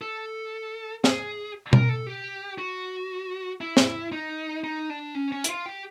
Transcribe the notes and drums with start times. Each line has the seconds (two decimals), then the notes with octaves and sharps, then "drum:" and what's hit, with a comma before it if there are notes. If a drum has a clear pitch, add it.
0.02 A4
1.04 G#4, drum: snare
1.73 A#4, drum: tom B2
1.89 A4
2.07 G4
2.58 F#4
3.61 E4
3.77 drum: snare
4.12 D#4
4.64 D#4
4.90 D4
5.15 C#4
5.32 C#4
5.44 E4, drum: hi-hat
5.49 F4
5.66 G4